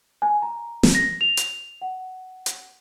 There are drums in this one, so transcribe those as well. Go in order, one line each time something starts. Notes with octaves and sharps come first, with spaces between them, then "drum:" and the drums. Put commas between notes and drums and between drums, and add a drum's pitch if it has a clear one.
G#5
A#5
drum: snare
A#6
F7
drum: hi-hat
F#5
drum: hi-hat